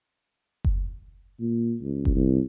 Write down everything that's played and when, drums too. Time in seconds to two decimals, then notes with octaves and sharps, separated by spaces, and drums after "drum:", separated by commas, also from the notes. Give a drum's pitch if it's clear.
0.64 drum: kick F#1
1.40 A#2
1.82 C#2
2.05 drum: kick F#1
2.15 C2